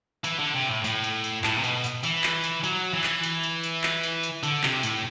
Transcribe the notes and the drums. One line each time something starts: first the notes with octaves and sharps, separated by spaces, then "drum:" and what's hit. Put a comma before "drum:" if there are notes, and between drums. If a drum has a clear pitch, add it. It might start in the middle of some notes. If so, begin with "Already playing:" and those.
E3, drum: tambourine
D3
C3
A2
A2, drum: tambourine
drum: tambourine
drum: tambourine
A2, drum: clap
C3
B2, drum: tambourine
drum: tambourine
E3, drum: tambourine
drum: clap
drum: tambourine
F#3, drum: tambourine
E3
drum: clap
drum: tambourine
drum: tambourine
drum: tambourine
drum: clap
drum: tambourine
drum: tambourine
D3, drum: tambourine
C3, drum: clap
A2, drum: tambourine